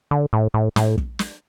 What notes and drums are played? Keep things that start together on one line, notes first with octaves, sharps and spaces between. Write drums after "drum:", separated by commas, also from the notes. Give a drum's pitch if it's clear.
D3
A2
A2
A2, drum: snare
drum: kick
drum: snare